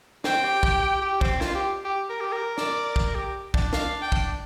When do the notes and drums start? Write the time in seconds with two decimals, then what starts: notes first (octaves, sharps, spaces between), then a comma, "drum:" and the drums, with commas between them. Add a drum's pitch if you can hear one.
0.24 C4 G5, drum: snare
0.44 G4
0.63 G4, drum: kick
0.83 G4
1.02 G4
1.21 C4, drum: kick
1.41 F4, drum: snare
1.55 G4
1.85 G4
2.10 A#4
2.21 G4
2.32 A#4
2.58 D5, drum: snare
2.96 drum: kick
3.15 G4
3.54 D4, drum: kick
3.73 F5, drum: snare
4.02 G5
4.12 drum: kick